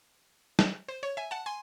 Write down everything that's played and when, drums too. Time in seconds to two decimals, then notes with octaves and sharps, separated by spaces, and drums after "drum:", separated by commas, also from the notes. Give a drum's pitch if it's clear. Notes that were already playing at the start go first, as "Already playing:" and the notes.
0.59 drum: snare
0.88 C5
1.03 C#5
1.17 E5 G#5
1.31 F#5 A5
1.46 G#5 C6